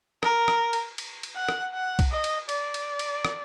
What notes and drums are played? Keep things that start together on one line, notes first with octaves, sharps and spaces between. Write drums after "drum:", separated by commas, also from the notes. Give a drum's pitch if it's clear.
A#4, drum: rim click
drum: rim click
drum: cymbal
drum: cymbal
drum: cymbal
F#5
drum: rim click
F#5
drum: kick B1, cymbal
D#5
drum: cymbal
D5, drum: cymbal
drum: cymbal
drum: cymbal
drum: rim click